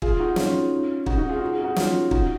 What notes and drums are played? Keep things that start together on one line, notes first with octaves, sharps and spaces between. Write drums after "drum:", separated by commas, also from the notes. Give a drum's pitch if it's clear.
F4 G#4, drum: kick
D#4 F#4
C#4 F4, drum: snare
D#4 F#4, drum: kick
D#4 F#4
F4 G#4
F#4
G#4
D#4 F#4
C#4 F4, drum: snare
D#4 F#4, drum: kick